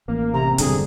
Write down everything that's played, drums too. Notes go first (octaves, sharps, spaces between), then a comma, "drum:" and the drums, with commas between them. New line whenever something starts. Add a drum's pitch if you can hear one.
A1 A#3
C3 A#5
E1 G2 D3 G#4, drum: hi-hat